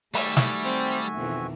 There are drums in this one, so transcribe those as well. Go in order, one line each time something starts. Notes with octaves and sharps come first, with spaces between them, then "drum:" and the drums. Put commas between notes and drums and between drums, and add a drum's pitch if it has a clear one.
D#3 G3 A3 F#4 E5 G#5, drum: open hi-hat
drum: snare
C4
F2 B2 D#3 E3